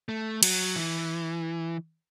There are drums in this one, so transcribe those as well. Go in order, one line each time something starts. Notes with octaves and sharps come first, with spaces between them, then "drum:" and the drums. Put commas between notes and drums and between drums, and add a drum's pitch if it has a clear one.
A3
F#3, drum: cymbal
E3